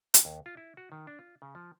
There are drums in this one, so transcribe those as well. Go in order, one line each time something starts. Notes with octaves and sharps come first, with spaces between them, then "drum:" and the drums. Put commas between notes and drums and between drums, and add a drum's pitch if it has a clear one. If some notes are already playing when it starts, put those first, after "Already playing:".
F#4, drum: hi-hat
D#2
F4
E4
F#4
D#3
D4
F4
C#3
F3